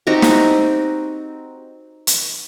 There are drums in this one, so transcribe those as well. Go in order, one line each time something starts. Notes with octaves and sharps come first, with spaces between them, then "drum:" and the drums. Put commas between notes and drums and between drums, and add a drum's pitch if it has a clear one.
C4 D#4 F#4 G4
drum: snare
drum: hi-hat